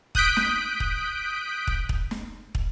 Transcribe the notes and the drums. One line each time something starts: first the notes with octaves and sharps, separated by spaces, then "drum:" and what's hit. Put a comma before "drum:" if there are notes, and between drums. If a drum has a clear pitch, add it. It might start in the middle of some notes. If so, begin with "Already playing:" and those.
D#6 F#6 G6 B6 D7, drum: kick
drum: snare
drum: kick
drum: kick
drum: kick
drum: snare
drum: kick